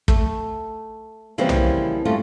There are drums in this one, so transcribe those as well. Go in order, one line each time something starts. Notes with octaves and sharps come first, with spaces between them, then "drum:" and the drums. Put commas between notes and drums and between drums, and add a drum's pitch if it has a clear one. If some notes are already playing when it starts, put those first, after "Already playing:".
A3, drum: kick
C#3 E3 F3 G3 A#3 C4
drum: tom B1
G2 A3 C#4 F4